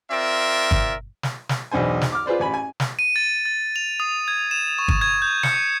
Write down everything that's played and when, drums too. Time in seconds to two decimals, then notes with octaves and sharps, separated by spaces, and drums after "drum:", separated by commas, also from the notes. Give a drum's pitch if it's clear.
0.11 C4 F4 A#4 D5 E5
0.71 drum: kick
1.23 drum: snare
1.49 drum: snare
1.71 B1 E2 D4 C5 G#5
2.01 drum: snare
2.12 D6 F6
2.26 F4 G#4 B4 C5 D5
2.40 A1 G#5 B5
2.54 G#5
2.80 drum: snare
2.99 D#7
3.16 A6
3.45 A6
3.76 F7
4.00 D#6
4.28 G#6
4.51 E7
4.79 C#6
4.88 drum: kick
5.01 G#6
5.22 G6
5.43 C#7, drum: snare